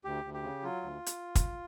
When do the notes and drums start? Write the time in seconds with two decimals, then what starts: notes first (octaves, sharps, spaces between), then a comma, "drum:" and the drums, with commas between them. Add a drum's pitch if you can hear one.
0.04 D2 G4
0.24 D2
0.34 G4
0.43 C#3
0.63 F#3 F4
0.83 D2
1.06 drum: hi-hat
1.35 drum: kick, hi-hat